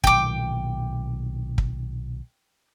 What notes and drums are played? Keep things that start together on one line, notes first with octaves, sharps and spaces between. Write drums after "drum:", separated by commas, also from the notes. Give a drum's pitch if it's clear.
B1 A#2 D#3 G5 D6, drum: kick
drum: kick